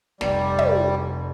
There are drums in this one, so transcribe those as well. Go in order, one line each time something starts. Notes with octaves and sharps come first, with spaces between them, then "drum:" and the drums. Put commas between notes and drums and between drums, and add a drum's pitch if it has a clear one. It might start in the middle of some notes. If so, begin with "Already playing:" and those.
F1 G3, drum: snare
drum: tom